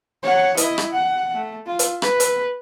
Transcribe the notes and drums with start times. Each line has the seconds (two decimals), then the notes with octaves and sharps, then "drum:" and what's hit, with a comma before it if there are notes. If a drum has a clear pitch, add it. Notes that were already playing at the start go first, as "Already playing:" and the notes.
0.23 C#5 F#5
0.57 E4 D#5, drum: hi-hat
0.78 drum: rim click
0.93 F#5
1.34 A3
1.66 F4
1.79 drum: hi-hat
2.02 B4, drum: rim click
2.20 drum: hi-hat